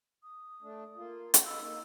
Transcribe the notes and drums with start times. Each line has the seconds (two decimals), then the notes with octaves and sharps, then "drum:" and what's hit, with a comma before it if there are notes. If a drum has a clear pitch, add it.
0.23 D#6
0.62 A3 D4
0.96 A#3 F4
1.34 drum: hi-hat
1.46 D#4 B4 F5 E6
1.60 A#3 D#4